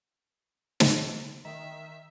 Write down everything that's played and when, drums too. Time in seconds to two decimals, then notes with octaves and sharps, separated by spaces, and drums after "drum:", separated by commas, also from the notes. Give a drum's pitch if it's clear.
0.80 drum: snare
1.45 D#3 E5